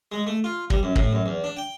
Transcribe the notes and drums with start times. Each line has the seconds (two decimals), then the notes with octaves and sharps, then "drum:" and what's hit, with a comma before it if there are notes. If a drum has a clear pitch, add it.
0.12 G#3
0.27 A3
0.44 F4
0.70 G3, drum: kick
0.83 F#2
0.96 A2, drum: kick
1.13 F#2
1.26 E2
1.44 D4
1.57 G5